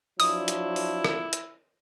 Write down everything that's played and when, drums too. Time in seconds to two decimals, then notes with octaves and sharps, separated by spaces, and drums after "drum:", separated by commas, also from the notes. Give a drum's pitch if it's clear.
0.20 F3 F#3 D4 E4 D#6, drum: open hi-hat
0.48 drum: hi-hat
0.76 drum: open hi-hat
1.04 drum: rim click
1.33 drum: hi-hat